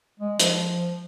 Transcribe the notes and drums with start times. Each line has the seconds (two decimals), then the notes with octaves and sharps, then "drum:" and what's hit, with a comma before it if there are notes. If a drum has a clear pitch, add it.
0.20 G#3
0.40 F3, drum: hi-hat